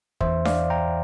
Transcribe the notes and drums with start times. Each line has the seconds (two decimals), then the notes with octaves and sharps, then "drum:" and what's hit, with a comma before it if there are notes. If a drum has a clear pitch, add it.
0.21 E2 E3 C5 E5, drum: kick
0.45 D5 F5, drum: snare D4
0.70 G5 A#5